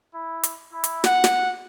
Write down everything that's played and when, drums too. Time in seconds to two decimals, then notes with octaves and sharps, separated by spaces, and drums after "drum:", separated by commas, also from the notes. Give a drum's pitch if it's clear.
0.12 E4
0.43 drum: hi-hat
0.71 E4
0.84 drum: hi-hat
1.04 F#5, drum: snare
1.24 drum: snare